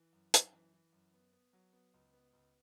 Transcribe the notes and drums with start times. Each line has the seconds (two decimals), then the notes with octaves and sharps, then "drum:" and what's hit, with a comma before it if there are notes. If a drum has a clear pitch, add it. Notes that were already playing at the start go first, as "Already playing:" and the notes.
Already playing: E3
0.13 F#2
0.34 F#2, drum: hi-hat
0.53 E3
0.74 E3
0.93 F#2
1.14 B3
1.33 B3
1.53 F#3
1.73 B3
1.94 C#2
2.13 B3
2.33 C#2